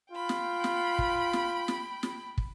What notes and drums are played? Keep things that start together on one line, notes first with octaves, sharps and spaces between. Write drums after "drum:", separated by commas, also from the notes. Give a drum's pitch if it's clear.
F4 G5 B5
drum: snare
drum: snare
drum: kick
drum: snare
drum: snare
drum: snare
drum: kick